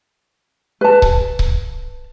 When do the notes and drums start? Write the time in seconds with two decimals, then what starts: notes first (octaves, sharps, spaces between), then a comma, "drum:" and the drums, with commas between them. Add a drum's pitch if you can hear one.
0.81 B4 A5
1.02 drum: kick C#1
1.39 drum: kick C#1